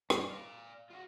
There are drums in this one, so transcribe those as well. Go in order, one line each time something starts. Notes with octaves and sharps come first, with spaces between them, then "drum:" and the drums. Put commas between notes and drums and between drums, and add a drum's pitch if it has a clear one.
G2, drum: rim click
D5 F5
F4 F#4